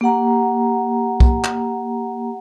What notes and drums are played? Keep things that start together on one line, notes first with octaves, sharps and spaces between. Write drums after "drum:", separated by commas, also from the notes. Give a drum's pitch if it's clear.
A#3 G4 F#5 A#5
drum: kick
drum: clap